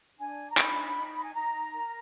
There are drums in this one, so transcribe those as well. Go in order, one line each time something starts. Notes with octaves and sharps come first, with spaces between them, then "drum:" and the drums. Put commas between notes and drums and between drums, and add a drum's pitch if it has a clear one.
D4 G#5
A#5
D#4 B5, drum: clap
D#4
G#5
D#4 A#5
A#4